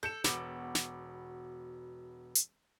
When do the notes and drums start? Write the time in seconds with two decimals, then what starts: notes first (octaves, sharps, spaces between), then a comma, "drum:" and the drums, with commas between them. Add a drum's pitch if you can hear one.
0.03 A4 G6 C#7 E7
0.24 E1 B2 D6 E7, drum: snare
0.75 drum: snare
2.35 drum: hi-hat